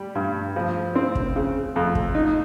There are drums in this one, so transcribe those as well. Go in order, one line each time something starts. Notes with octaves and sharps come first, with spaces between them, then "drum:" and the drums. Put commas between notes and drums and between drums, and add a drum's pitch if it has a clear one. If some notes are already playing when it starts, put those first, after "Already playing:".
Already playing: G3
G2
F3
C4
drum: kick
C#3
F2
drum: kick
D#4